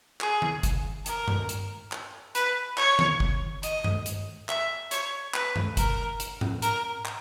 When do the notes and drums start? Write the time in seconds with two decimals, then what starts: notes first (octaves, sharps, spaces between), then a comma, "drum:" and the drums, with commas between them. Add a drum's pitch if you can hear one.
0.21 G#4, drum: clap
0.42 drum: tom D#3
0.63 drum: kick G1, hi-hat
1.06 A#4, drum: hi-hat
1.28 drum: tom G2
1.49 drum: hi-hat
1.92 drum: clap
2.35 B4, drum: hi-hat
2.77 C#5, drum: clap
2.99 drum: tom D#3
3.20 drum: kick G1
3.63 D#5, drum: hi-hat
3.84 drum: tom G2
4.06 drum: hi-hat
4.49 E5, drum: clap
4.91 C#5, drum: hi-hat
5.34 B4, drum: clap
5.56 drum: tom G2
5.77 A#4, drum: kick G1, hi-hat
6.20 drum: hi-hat
6.41 drum: tom G#2
6.62 A#4, drum: hi-hat
7.05 drum: clap